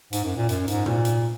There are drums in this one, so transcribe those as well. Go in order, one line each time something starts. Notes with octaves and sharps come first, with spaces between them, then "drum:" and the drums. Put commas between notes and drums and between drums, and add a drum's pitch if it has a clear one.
G#2, drum: hi-hat
F#2
A#2
F#2, drum: hi-hat
G#2, drum: hi-hat
A#2, drum: tom C3
drum: hi-hat